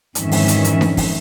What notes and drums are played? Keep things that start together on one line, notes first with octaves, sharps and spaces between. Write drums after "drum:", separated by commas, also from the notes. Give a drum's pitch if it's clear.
F2 G#2 D#3 E3 C#4 E5, drum: hi-hat
drum: open hi-hat
drum: hi-hat
drum: hi-hat
drum: snare D4
drum: kick, open hi-hat